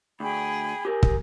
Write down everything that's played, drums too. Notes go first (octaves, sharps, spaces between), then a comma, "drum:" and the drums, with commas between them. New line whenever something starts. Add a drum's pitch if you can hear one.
D2 G#4 G5 B5
G4 A#4 G#5
drum: kick